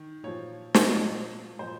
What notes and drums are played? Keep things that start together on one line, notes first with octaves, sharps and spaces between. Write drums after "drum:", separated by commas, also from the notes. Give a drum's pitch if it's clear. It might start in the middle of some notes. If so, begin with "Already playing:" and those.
Already playing: D#3
A#2 F3 C#5
F5, drum: snare
D#5
A#2 F3 C#5
A#2 F3 C5